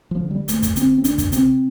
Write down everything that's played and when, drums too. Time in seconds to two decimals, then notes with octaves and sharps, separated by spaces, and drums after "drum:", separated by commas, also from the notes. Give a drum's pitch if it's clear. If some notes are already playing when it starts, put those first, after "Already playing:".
0.11 F3
0.21 D3
0.31 G3
0.48 D2 A3, drum: hi-hat
0.62 drum: kick, hi-hat
0.76 D3 C4, drum: hi-hat
0.98 C4
1.04 D2 D4, drum: hi-hat
1.18 drum: kick, hi-hat
1.32 C3 C4, drum: hi-hat